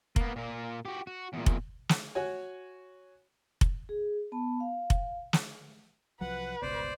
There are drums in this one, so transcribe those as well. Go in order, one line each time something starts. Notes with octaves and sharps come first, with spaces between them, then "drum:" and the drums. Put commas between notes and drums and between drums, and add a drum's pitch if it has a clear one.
A#3 B3, drum: kick F1
A#2 A#4
F#4 G4
F#4
E2 A#2
drum: kick F1
drum: snare
F#4 C#5 G#5
drum: kick F1
G#4
B3 A5 B5
F5
drum: kick F1
drum: snare
C2 F3 F#3 B4 F#5
G1 C#2 B2 C5 D5